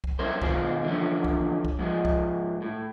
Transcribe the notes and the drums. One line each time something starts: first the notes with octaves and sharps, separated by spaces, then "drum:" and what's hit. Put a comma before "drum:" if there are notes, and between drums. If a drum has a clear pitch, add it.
drum: kick
F#3 C#4 E4 A#4 C5
B2 D#3 G#3 F4 G#4 C5, drum: kick
D3 E3 F3 C#4
drum: kick
drum: kick
G#2 F3 G#3
drum: kick
A2